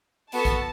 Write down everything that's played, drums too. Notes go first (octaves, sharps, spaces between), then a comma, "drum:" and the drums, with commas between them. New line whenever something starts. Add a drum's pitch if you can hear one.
B3 F#4 A4 A5, drum: open hi-hat
drum: kick, hi-hat